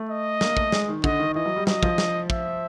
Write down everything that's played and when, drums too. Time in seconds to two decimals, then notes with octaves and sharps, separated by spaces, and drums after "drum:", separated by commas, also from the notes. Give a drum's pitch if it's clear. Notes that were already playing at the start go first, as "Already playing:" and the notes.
Already playing: A3
0.09 D#5
0.41 A#3, drum: snare
0.57 A3, drum: kick
0.72 G#3, drum: snare
0.89 D#3
1.04 D3 D#5, drum: kick
1.19 D#3
1.35 E3 D#5
1.46 F#3
1.56 G3
1.67 F#3 D#5, drum: snare
1.83 F3, drum: kick
1.98 drum: snare
2.30 E5, drum: kick